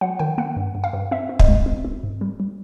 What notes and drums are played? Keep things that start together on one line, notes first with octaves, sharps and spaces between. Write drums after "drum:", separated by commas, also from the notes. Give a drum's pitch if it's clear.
F#3 F#5
D#3 G5
A#3 F#5
G2
G2
F5
G2
C4 E5
C4
D#5, drum: kick
G#3
C4
C4
G#2
G3
G3